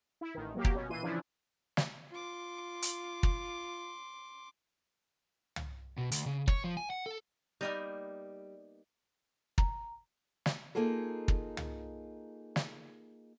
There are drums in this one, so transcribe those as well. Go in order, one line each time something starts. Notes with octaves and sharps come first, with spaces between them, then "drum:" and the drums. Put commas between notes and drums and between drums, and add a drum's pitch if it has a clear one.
E4
A1 D#3
F#3 A#3 G4
drum: kick
B2 C#4
A#2 E3 C6 D#7
C#3 E3 F3 D4 E4
drum: snare
F4 C6 D6
drum: hi-hat
drum: kick
drum: tom
B2
D2, drum: hi-hat
C#3
C#5, drum: kick
F3
G#5
F#5
A4
G3 A#3 B3 D#4
A#5, drum: kick
drum: snare
A#3 D#4 F4 G#4 A4
drum: kick
drum: tom
drum: snare